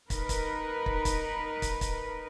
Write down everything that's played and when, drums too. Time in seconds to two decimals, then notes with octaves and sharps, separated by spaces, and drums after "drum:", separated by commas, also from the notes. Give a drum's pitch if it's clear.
0.10 D#4 A#4 B4, drum: kick, hi-hat
0.29 drum: kick, hi-hat
0.86 drum: kick
1.05 drum: kick, hi-hat
1.62 drum: kick, hi-hat
1.81 drum: kick, hi-hat